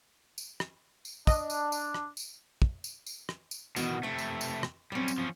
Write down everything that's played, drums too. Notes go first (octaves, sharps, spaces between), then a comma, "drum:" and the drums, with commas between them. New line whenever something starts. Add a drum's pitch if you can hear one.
drum: tambourine
drum: rim click
drum: tambourine
D4 D#5, drum: kick, tambourine
drum: tambourine
drum: tambourine
drum: rim click
drum: tambourine
drum: kick
drum: tambourine
drum: tambourine
drum: rim click
drum: tambourine
B2 D#3 E3 B3 F#4, drum: tambourine
C3 A3 B4 G5
drum: tambourine
drum: tambourine
drum: rim click
F#3 G3 C4 C#4
drum: tambourine
F3 C#4